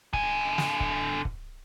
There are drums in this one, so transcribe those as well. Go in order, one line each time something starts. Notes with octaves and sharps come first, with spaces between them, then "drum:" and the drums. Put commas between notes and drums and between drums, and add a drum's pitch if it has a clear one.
D3 G#5, drum: kick
drum: snare
drum: kick
drum: kick